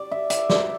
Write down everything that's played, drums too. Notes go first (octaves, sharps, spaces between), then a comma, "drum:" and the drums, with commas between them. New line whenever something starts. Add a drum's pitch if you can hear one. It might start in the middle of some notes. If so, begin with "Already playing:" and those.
Already playing: D5
E5
E5, drum: hi-hat
D5, drum: snare